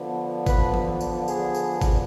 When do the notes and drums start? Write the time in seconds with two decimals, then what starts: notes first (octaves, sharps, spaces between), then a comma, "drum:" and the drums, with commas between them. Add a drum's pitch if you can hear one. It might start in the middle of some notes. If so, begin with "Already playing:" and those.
Already playing: D3 F3 B3
0.47 B4, drum: kick G#1, tambourine
0.74 drum: tom E3
1.01 drum: tambourine
1.28 G#4, drum: tambourine
1.55 drum: tambourine
1.81 drum: kick G#1, tambourine